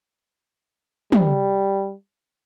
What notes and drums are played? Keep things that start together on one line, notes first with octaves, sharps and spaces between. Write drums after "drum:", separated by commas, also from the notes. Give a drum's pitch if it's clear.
G3, drum: tom